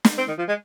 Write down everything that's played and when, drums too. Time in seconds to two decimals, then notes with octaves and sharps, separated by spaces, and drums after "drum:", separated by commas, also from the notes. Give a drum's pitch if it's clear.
0.05 drum: snare
0.18 C4
0.28 D#3
0.38 F3
0.48 G#3